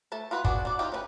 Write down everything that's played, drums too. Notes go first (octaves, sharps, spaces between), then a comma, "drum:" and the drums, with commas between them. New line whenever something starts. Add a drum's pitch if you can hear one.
A3 A4 A5
F4 F#4 B4
B3 D4 F#4 G#4, drum: kick
D4 F#4 D5
F3 D#4 F4 G4
C#4 D4 B4